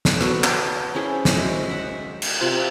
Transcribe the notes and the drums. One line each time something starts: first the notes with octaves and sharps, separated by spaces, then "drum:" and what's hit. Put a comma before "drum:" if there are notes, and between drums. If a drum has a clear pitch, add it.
drum: snare
B3 F#4 A4 D5, drum: rim click
drum: clap
C#4 E4 G#4 C5
drum: snare
G#3 F#4 E5
E5 F#5
drum: cymbal
C3 F4 A#4 A5